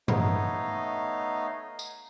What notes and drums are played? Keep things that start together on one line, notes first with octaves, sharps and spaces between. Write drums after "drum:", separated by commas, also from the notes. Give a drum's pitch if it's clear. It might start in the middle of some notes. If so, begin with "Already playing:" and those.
A3 B3 D#4 C#5 D#5 F5, drum: tom G2
drum: tambourine